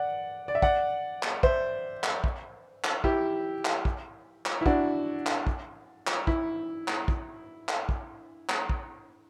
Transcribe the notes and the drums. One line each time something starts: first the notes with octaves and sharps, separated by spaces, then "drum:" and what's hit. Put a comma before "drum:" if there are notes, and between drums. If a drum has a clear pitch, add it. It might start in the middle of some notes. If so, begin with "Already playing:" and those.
Already playing: D5 F#5
D5
E5
D5 F#5, drum: kick
drum: clap
C5 E5, drum: kick
drum: clap
drum: kick
drum: clap
E4 G4, drum: kick
drum: clap
drum: kick
drum: clap
E4
D4 F#4, drum: kick
drum: clap
drum: kick
drum: clap
E4, drum: kick
drum: clap
drum: kick
drum: clap
drum: kick
drum: clap
drum: kick